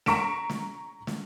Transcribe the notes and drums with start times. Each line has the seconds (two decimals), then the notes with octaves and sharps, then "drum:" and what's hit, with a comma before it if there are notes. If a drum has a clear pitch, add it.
0.06 A#5 C#6 B6 D7 E7, drum: snare
0.50 drum: snare
1.07 drum: snare